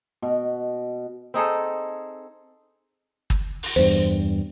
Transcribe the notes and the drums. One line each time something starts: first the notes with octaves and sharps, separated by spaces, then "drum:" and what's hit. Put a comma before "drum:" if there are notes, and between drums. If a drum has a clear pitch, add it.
B2
C4 D#4 G#4 A4
drum: kick
drum: open hi-hat
E2 G2 C5